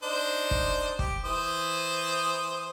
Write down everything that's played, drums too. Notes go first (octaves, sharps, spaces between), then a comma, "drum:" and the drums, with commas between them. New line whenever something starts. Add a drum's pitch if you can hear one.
D4 D#4 C5
drum: kick
G4, drum: kick
E3 C5 D#6